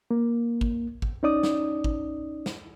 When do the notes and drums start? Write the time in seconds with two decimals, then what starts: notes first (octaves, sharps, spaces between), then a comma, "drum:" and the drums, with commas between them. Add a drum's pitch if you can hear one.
0.11 A#3
0.61 drum: kick G#1
1.02 drum: kick G#1
1.23 C#4 D#4 D5 D#6
1.43 drum: snare
1.84 drum: kick G#1
2.46 drum: snare